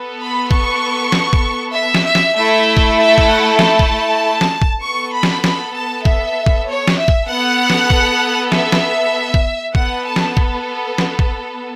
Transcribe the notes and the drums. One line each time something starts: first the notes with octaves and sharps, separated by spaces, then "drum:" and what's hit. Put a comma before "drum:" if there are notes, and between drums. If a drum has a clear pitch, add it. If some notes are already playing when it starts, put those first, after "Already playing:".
Already playing: B3 A4
B5
C#6, drum: kick A1
drum: snare
drum: kick A1
E5
drum: snare
E5
drum: snare
A3 E4 A4 E5
drum: kick A1
E5
drum: kick A1
F#5
A5, drum: snare
drum: kick A1
drum: snare
drum: kick A1
B3 A4 C#6
B5
drum: snare
B5, drum: snare
A5
E5, drum: kick A1
drum: kick A1
C#5
drum: snare
E5
drum: kick A1
B3 A4 F#5
drum: snare
drum: kick A1
E5, drum: snare
drum: snare
drum: kick A1
B3 A4 F#5, drum: kick A1
A5
drum: snare
drum: kick A1
drum: snare
drum: kick A1